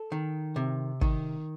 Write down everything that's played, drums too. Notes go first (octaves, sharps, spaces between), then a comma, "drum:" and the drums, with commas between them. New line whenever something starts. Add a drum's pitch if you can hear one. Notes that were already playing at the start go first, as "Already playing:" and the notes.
Already playing: A4
D#3
C3
D#3, drum: kick